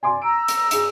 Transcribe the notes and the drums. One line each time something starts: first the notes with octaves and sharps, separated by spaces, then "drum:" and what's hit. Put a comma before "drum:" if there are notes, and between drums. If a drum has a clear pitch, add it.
D5 G#5 C6 D6
A#5 E6 D7
drum: hi-hat
D#4 G#4, drum: hi-hat